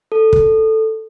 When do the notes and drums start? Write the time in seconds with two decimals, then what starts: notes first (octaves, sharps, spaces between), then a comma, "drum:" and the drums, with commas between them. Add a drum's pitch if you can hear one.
0.12 A4
0.33 drum: kick